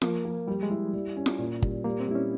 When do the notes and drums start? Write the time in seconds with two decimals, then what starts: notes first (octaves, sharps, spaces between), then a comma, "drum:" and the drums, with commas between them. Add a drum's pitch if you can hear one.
0.02 F3 A#3, drum: snare F4
0.25 A#3
0.47 G3 G4
0.63 G#3
0.70 E4
0.93 G3
1.17 C#4
1.26 drum: snare F4
1.39 A#2
1.62 G3, drum: kick
1.84 G3 A#3
2.00 C4
2.08 G3 E4
2.15 C#4